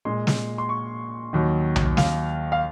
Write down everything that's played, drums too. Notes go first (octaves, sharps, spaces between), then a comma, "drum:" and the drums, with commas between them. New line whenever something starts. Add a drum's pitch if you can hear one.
A#2 G#3 C6
drum: snare
C6
C#6
D#2 D#3 F#3
drum: tom B1
F5, drum: snare
F5